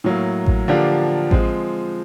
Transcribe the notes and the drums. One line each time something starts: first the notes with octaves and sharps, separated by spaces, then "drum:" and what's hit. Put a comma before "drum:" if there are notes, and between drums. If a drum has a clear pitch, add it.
A2 F#3 A#3
drum: kick A1
D3 F3 A#3 D4 G4
F3 G#3 C4, drum: kick A1